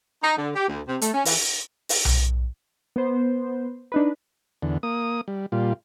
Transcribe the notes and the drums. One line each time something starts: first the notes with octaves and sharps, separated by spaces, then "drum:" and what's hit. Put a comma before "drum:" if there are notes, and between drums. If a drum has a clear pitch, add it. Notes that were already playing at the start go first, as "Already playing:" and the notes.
D#4
D3
G4
D2
C3
A3, drum: hi-hat
C#4
E3, drum: open hi-hat
drum: open hi-hat
drum: tom B1
B3 C5
D4 D#4 B4
E2 D3
A#3 D#6
G3
A#2 G3 F4